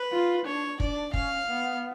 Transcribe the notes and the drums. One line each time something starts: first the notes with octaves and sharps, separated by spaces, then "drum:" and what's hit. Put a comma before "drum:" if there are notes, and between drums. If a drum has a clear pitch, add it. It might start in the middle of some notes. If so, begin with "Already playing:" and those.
Already playing: B4
F4
D4 C#5
D4 D5, drum: kick
C#4 F5, drum: kick
B3